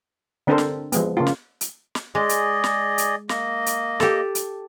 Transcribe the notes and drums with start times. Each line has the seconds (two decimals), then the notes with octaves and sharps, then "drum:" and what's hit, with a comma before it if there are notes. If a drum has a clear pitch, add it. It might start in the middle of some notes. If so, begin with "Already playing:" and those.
0.47 D3 C4 D4 A4 A#4 C5
0.58 drum: snare
0.92 F3 G#3 B3, drum: hi-hat
1.17 C#3 A#3 F4
1.27 drum: snare
1.61 drum: hi-hat
1.95 drum: snare
2.15 G#3 G#4 D5 D#5
2.29 drum: hi-hat
2.64 drum: snare
2.98 drum: hi-hat
3.29 A#3 D#5, drum: snare
3.66 drum: hi-hat
4.00 G4 A4, drum: snare
4.35 drum: hi-hat